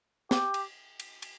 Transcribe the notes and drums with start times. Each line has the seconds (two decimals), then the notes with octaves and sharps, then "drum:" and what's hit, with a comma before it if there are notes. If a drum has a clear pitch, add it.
0.31 G4, drum: snare
0.54 drum: cymbal
1.00 drum: cymbal
1.22 drum: cymbal